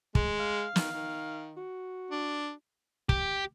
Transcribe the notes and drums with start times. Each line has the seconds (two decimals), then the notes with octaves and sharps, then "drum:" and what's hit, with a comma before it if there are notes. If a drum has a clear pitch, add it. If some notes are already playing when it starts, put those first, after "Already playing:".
0.15 G#3, drum: kick
0.40 F5
0.76 D#3, drum: snare
0.93 D#3
1.57 F#4
2.11 D4
3.09 G4, drum: kick